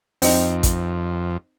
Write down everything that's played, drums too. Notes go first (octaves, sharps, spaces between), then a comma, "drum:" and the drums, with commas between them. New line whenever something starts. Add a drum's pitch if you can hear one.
F2 C4 D#4, drum: open hi-hat
drum: kick, hi-hat